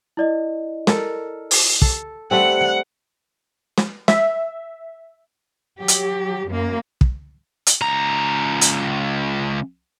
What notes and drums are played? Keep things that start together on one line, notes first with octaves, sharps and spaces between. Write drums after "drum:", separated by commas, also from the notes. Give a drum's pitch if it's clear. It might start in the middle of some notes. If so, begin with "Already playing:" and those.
E4 D5 D#5
A4 A#4, drum: snare
drum: open hi-hat
A4, drum: kick
G3 A3 C4 F#5
drum: snare
E5, drum: snare
F#3 G4
drum: hi-hat
F#2 A#3
drum: kick
drum: hi-hat
C#2 A#5
drum: hi-hat